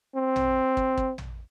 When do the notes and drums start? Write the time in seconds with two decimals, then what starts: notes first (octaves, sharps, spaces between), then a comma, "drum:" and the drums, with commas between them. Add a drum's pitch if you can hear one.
0.15 C4
0.36 drum: tom
0.77 drum: kick
0.97 drum: kick
1.18 drum: tom